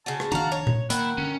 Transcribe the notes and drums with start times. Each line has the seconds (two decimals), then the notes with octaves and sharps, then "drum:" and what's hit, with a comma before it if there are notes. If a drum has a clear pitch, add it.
0.06 C#3 F#4 A5
0.20 drum: rim click
0.32 F1 D#3 D4 F#4 F5 A#5
0.52 C#5
0.67 drum: tom A#2
0.90 D#3 A#3 E4 F#5, drum: hi-hat
1.18 G2 D3 C#4